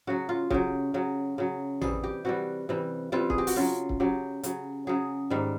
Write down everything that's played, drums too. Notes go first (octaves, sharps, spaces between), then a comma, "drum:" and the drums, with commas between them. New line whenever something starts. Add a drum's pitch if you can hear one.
C#3 F#3 F#4
F4
C#3 F#3 G4, drum: kick
C#3 F#3
C#3 F#3
C3 E3 G3 G#4, drum: tom A1
G4
C3 E3 G3 F#4
C3 E3 G3
C3 E3 G3 F4
G#4, drum: kick
G4
F#4, drum: open hi-hat
C#3 F#3 F4
drum: kick
C#3 F#3 G4
C#3 F#3, drum: hi-hat
C#3 F#3 G#4
G#2 D#3 G3